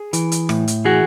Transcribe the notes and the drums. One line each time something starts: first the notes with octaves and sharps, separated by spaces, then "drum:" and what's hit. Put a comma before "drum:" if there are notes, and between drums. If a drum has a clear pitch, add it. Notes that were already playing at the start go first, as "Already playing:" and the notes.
Already playing: G#4
E3, drum: hi-hat
drum: hi-hat
A2, drum: rim click
drum: hi-hat
E3 F#4 G#4